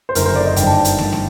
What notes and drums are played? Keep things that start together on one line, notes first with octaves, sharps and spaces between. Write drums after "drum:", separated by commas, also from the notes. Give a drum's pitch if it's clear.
C5
F#1 F#2 D3 A#4, drum: hi-hat
C5
D5
D#5
G1 G2 D#3 G5, drum: hi-hat
A5
drum: hi-hat
drum: snare
drum: snare